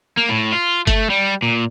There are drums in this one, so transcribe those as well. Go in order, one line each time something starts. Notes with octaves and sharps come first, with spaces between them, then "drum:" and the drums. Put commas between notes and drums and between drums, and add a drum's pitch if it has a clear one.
A#3
A2
F4
A3, drum: kick F#1, hi-hat
G3
A#2